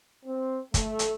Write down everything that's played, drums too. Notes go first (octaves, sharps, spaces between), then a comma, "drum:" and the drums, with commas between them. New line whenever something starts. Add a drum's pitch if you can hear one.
C4
A3, drum: kick, hi-hat
drum: hi-hat